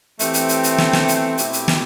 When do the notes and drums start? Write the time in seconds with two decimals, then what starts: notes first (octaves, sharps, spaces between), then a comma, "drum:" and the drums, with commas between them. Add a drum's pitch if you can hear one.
0.19 E3 A3 C4 G4, drum: hi-hat
0.34 drum: hi-hat
0.49 drum: hi-hat
0.63 drum: hi-hat
0.78 drum: snare
0.93 drum: snare
1.08 drum: hi-hat
1.38 B2 A3 C4 E4 G4, drum: hi-hat
1.53 drum: hi-hat
1.68 drum: snare